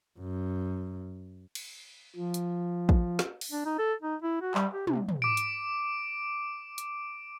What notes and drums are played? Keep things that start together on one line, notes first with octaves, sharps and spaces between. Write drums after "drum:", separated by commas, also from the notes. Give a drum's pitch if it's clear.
F#2
drum: cymbal
F3
drum: hi-hat
drum: kick
drum: snare
drum: open hi-hat
D4
D#4
A4
D#4
E4
F#4
G3, drum: clap
G4
C3, drum: tom
drum: tom
D6 D7
drum: hi-hat
drum: hi-hat